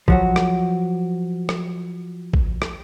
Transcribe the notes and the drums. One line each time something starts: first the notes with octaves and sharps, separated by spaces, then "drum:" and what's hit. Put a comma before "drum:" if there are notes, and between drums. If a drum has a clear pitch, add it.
F3 F#3 F#4, drum: kick A1
drum: rim click
drum: rim click
drum: kick A1
drum: rim click